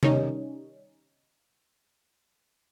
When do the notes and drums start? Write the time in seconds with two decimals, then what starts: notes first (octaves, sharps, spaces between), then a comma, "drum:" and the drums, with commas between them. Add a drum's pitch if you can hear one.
0.03 D#3 G3 C#4 D#4, drum: tom C3